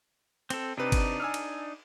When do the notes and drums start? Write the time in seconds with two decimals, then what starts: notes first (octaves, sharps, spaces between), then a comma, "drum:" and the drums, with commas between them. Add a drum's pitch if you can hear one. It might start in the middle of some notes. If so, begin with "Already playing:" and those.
0.50 C4 A4, drum: cymbal
0.77 C3 C4 D4 D#4 B4
0.92 drum: kick G1, cymbal
1.20 G#5 E6 F6
1.34 drum: cymbal